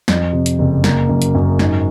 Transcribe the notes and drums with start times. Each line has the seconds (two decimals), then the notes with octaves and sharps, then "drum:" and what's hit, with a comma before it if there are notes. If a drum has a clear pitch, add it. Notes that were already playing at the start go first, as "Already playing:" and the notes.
0.08 F2, drum: snare
0.33 C3
0.46 drum: hi-hat
0.59 F#1
0.84 A#3, drum: snare
1.09 F#2
1.22 drum: hi-hat
1.35 F#2
1.59 G#2, drum: snare